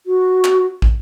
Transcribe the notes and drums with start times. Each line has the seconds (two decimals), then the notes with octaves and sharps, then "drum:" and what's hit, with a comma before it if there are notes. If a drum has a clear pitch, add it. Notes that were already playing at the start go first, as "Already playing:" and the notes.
0.06 F#4
0.44 drum: clap
0.82 drum: kick